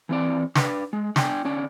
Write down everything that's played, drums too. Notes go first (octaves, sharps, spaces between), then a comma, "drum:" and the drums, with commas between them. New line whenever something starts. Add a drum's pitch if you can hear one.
E3 C4 D5
D4 B4, drum: snare
G#3
D4 G5 G#5, drum: snare
D3 C#4 D5